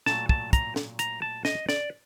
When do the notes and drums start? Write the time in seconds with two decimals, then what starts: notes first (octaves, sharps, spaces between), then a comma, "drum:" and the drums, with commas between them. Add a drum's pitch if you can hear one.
0.06 A#2 F#3 A3 A5, drum: snare
0.29 A5, drum: kick
0.53 A#5, drum: kick, hi-hat
0.76 drum: snare
0.99 A#5, drum: hi-hat
1.22 A5
1.45 D#5, drum: snare
1.69 D5, drum: snare